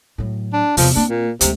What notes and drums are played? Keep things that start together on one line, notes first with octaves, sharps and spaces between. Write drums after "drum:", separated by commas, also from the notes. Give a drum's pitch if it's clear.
A2 F#3
D4
E2 C3 F3, drum: open hi-hat
A#3 C4 D4
A#2
D2 C3 G#3, drum: hi-hat